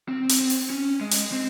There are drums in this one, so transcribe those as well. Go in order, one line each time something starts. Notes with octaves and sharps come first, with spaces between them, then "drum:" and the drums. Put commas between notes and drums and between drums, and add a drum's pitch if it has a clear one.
C4
drum: hi-hat
drum: open hi-hat
C#4
G#3
drum: hi-hat
C4